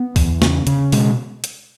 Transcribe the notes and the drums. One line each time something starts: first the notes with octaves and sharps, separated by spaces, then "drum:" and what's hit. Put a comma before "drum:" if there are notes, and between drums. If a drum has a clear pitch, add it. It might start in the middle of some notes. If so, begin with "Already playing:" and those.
Already playing: B3
E2, drum: kick, open hi-hat
C#3, drum: snare
C#3, drum: hi-hat
B2 G#3, drum: open hi-hat
drum: hi-hat